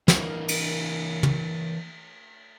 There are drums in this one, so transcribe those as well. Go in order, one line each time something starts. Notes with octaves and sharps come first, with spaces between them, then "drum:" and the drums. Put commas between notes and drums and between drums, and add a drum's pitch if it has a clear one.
E3 A#3, drum: snare
drum: cymbal
drum: tom